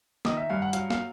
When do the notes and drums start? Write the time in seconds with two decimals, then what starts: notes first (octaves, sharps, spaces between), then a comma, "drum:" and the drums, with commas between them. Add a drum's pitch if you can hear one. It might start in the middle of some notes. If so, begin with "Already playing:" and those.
0.25 D#3 D#5, drum: snare
0.37 E5
0.49 G2 F5
0.62 F#5
0.73 F#3 F5, drum: hi-hat
0.90 F5, drum: snare